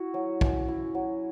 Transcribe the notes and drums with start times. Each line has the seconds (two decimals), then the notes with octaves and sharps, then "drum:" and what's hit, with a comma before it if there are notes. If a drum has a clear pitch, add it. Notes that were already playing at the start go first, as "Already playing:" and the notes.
Already playing: E4 F#4
0.14 F#3
0.41 C#4, drum: kick
0.68 E4
0.95 F#3